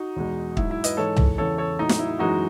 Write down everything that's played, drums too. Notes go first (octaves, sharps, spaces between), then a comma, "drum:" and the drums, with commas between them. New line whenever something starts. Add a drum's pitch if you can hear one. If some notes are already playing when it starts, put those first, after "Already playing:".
Already playing: D#4 F#4
E2 B2 G#3
G#2 F#3 E4, drum: kick
E4
B4 D#5, drum: hi-hat
G#2 E3 G#3 A4 C#5
drum: tom
E2 C#3 E3 A4 C#5
A4 C#5
A2 F#3 D#4
drum: snare
E4
F#2 E3 G#3 D#4 F#4